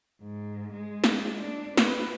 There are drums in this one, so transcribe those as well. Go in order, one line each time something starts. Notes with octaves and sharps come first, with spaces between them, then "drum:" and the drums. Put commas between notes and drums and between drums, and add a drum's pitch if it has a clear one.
G#2
G#3
drum: snare
D4
B4, drum: snare